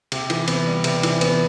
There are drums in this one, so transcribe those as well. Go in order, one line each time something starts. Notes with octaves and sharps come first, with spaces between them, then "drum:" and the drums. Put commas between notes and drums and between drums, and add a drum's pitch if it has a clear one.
C3, drum: cymbal
E3, drum: cymbal
B3, drum: cymbal
G3
C3, drum: cymbal
E3, drum: cymbal
B3, drum: cymbal